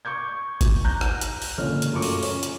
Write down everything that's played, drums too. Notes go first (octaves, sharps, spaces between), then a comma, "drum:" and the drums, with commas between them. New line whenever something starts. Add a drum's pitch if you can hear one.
C#6 D6 G6 G#6
drum: kick G1, hi-hat
A#5 F#6 G6
drum: rim click
drum: hi-hat
drum: open hi-hat
C#2 A#2 D3 C#5 F6
drum: hi-hat
F#2 A3 F4 C#6 D6
drum: open hi-hat
C#4, drum: open hi-hat
drum: hi-hat